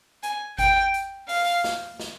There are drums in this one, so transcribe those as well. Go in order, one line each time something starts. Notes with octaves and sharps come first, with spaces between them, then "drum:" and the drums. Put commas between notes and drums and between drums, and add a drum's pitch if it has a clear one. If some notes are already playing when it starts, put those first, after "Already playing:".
G#5, drum: hi-hat
G5, drum: kick G#1, hi-hat
drum: hi-hat
F5, drum: open hi-hat
drum: snare
drum: snare